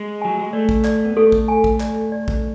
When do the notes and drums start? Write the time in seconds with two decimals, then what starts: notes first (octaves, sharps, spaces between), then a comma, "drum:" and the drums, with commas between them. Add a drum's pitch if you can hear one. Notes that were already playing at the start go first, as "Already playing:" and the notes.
Already playing: G#3
0.22 F#3 G#5
0.39 G#3
0.53 A3 D5
0.69 drum: kick A1
0.84 D5, drum: clap
1.05 B3
1.16 A3 A4
1.32 drum: kick A1
1.48 G#5
1.64 drum: kick A1
1.80 D5, drum: clap
2.12 D5
2.28 drum: kick A1